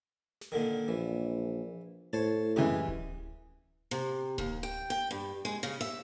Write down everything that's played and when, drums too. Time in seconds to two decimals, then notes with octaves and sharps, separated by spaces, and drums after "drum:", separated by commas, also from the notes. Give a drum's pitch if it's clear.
0.41 drum: snare
0.52 A#2 D3 D#3
0.88 A#1 E3
2.13 A2 C5 C#5 A5
2.56 F#2 E3 G#3 G4
2.88 drum: kick D1
3.91 C3
4.38 D#2, drum: kick D1
4.63 G5
4.90 G5
5.11 G2
5.45 G#3
5.63 C#3
5.81 E5, drum: snare